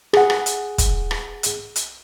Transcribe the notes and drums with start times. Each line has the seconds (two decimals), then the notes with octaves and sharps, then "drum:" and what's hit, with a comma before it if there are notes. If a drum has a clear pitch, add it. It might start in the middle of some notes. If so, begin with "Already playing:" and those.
0.13 G#4 F#5, drum: rim click
0.30 drum: rim click
0.46 drum: hi-hat
0.78 drum: kick, hi-hat
1.11 drum: rim click
1.43 drum: hi-hat
1.76 drum: hi-hat